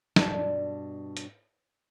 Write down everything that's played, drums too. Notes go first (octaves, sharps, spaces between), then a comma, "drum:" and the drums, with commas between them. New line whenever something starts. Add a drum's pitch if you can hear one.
G2 B2 D4 D5 A5, drum: snare
drum: hi-hat